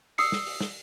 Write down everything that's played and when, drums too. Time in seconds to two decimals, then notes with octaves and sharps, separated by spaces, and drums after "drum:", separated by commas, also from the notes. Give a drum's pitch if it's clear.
0.18 D#6 E6 C7 C#7, drum: open hi-hat
0.32 drum: snare
0.46 drum: open hi-hat
0.60 drum: snare